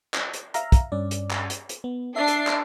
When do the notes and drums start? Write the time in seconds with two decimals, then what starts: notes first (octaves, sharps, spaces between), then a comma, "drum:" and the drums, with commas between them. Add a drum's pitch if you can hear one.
0.14 drum: clap
0.34 drum: hi-hat
0.54 E5 F5 A#5, drum: hi-hat
0.72 drum: kick, hi-hat
0.92 G2 C#4 D5
1.11 drum: hi-hat
1.31 drum: clap
1.50 drum: hi-hat
1.69 drum: hi-hat
1.84 B3
2.16 D4 E5 A6 C7
2.28 drum: hi-hat
2.47 drum: clap